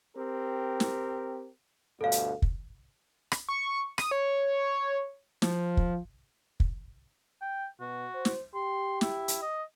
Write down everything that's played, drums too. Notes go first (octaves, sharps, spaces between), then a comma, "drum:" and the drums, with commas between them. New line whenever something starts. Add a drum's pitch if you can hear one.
C4 G4 A#4
drum: snare
D2 G2 B2 A4 F5
drum: hi-hat
drum: kick
drum: rim click
C#6
D#6, drum: rim click
C#5
F3, drum: snare
drum: kick
drum: kick
G5
B2 F#4
C5
drum: snare
G4 C6
E4, drum: snare
drum: hi-hat
D#5